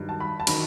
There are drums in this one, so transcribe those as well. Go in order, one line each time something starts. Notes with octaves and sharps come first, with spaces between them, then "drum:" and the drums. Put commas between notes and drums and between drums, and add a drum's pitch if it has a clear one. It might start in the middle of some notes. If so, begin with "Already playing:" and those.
Already playing: G2 D#3 F#3
A5
B5
A5
D#3 F#3 B5, drum: cymbal